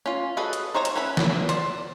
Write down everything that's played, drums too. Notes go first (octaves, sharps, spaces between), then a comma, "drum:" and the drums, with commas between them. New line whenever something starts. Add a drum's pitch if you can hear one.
C#4 F4
F#4 G#4 A4 B4 D#5
drum: hi-hat
D#4 C5 C#5 A#5
drum: hi-hat
C#4 E4 B4 B5
drum: snare
C5 D5, drum: hi-hat